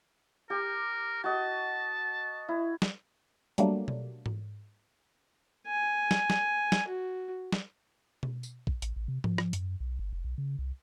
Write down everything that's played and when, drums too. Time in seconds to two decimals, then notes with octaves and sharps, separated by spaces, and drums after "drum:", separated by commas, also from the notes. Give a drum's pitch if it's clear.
0.50 G4 A#4
1.24 F#4 D#5 A5
2.48 E4
2.82 drum: snare
3.58 F#3 G3 A3 A#3 D4, drum: hi-hat
3.88 drum: tom B2
4.26 drum: tom G#2
5.67 G#5
6.11 drum: snare
6.30 drum: snare
6.72 drum: snare
6.88 F#4
7.52 drum: snare
8.23 drum: tom B2
8.43 drum: tambourine
8.67 drum: kick A#1
8.82 A1, drum: hi-hat
8.96 A1
9.08 C3
9.24 F3, drum: tom G#2
9.38 drum: rim click
9.53 F#2, drum: hi-hat
9.80 B1
9.99 G1
10.13 F1
10.24 B1
10.38 C#3
10.59 C2